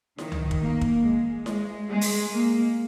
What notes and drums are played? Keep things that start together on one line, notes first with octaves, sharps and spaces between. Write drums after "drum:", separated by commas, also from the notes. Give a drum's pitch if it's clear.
D#3, drum: snare E4
drum: tom C#2
drum: kick
A#3
drum: kick
G#3
G#3, drum: snare E4
G#3
drum: open hi-hat
A#3